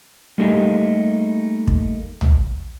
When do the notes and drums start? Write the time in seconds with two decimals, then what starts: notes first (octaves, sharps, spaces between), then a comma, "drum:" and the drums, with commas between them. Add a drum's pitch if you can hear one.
0.38 G3 A3 A#3 D#4 G4 G#4
1.67 drum: kick
2.21 drum: tom B1